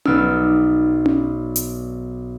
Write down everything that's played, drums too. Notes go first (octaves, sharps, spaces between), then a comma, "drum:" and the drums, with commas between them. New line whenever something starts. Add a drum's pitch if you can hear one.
B1 B3 D#4 D5 E6 F6, drum: tom C#4
drum: tom C#4
drum: hi-hat